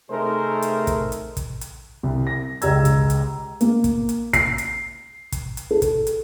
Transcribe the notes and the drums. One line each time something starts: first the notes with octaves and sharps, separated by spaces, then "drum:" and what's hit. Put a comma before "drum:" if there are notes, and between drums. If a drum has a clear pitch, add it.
C3 A3 D#4 G#4 A#4 C5
drum: hi-hat
drum: kick, hi-hat
drum: hi-hat
drum: kick, hi-hat
drum: hi-hat
C2
A#6
C#2 G4 D5 A#5 E6 G#6, drum: hi-hat
drum: kick, hi-hat
drum: hi-hat
A#3, drum: hi-hat
drum: kick, hi-hat
drum: hi-hat
C7, drum: kick, hi-hat
drum: hi-hat
drum: kick, hi-hat
drum: hi-hat
A4
drum: kick, hi-hat
drum: hi-hat